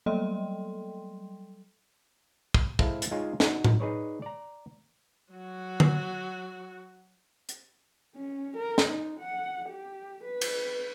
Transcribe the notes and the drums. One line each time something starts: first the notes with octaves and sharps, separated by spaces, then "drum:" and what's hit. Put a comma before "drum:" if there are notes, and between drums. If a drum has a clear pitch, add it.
F#3 G3 A4 G5 C6
drum: kick
G#3 E4 A4 C5 F5, drum: kick
drum: hi-hat
G#3 D#4 F4 C#5 F5 G#5
D#4 F#4, drum: snare
drum: tom A2
D#4 G#4 B4 C#5 D5
D5 A#5
F#3 F#4
drum: tom D3
drum: hi-hat
C#4
A#4
drum: snare
D#4
F#5
G4
B4
drum: cymbal